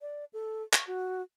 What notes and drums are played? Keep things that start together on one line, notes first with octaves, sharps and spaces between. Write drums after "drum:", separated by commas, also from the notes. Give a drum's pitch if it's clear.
D5
A4
C#6, drum: clap
F#4